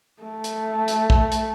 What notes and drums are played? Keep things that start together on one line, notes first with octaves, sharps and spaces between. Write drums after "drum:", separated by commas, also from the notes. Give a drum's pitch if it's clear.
A3
drum: hi-hat
drum: hi-hat
drum: kick
drum: hi-hat